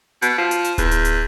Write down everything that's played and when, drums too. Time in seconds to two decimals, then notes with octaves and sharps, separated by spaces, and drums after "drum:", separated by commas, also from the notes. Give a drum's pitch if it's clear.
0.22 B2, drum: hi-hat
0.39 F3
0.51 drum: hi-hat
0.64 drum: hi-hat
0.78 E2, drum: kick D1, hi-hat
0.91 drum: hi-hat
1.05 drum: hi-hat